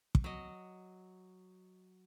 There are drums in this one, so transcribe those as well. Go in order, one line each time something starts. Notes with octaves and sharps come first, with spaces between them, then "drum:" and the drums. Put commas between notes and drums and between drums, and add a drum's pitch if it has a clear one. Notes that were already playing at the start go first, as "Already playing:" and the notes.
drum: kick
F#3 D#5